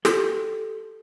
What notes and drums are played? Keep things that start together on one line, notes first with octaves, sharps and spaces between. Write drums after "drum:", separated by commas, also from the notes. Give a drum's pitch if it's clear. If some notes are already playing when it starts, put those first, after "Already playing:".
G4 A4 C6, drum: snare